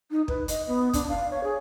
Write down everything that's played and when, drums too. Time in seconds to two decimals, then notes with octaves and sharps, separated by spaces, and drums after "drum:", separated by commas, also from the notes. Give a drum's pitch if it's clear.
0.11 D#4
0.28 B4, drum: kick
0.48 D#5, drum: hi-hat
0.67 B3
0.93 D4, drum: kick, hi-hat
1.09 F5
1.31 C#5
1.44 G#4